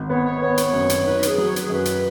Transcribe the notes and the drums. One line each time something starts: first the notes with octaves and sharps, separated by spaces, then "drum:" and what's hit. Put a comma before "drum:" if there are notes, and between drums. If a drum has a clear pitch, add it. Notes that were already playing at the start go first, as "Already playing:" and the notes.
Already playing: G#1
B3 C#5
C#5
B3 C#5
drum: hi-hat
F#2
drum: hi-hat
D#4 B4
B4, drum: hi-hat
G#4
F#3
C#5
B4, drum: hi-hat
G#4
F#2 B4
drum: hi-hat